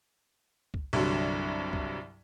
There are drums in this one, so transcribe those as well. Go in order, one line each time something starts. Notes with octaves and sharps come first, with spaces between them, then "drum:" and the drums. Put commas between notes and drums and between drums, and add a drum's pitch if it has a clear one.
drum: kick
C2 G2 D3 F#3, drum: open hi-hat
drum: kick